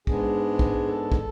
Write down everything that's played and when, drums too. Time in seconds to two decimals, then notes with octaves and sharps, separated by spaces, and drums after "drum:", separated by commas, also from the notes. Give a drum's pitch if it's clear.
0.07 G#2 G#3 B3 D4 G#4, drum: kick
0.59 drum: kick
0.86 A4
1.12 drum: kick